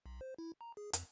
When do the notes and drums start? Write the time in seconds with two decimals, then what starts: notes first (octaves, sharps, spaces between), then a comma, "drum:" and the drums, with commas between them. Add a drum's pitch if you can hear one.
0.06 B1
0.21 C5
0.38 E4
0.61 A#5
0.77 G#4
0.93 F2, drum: hi-hat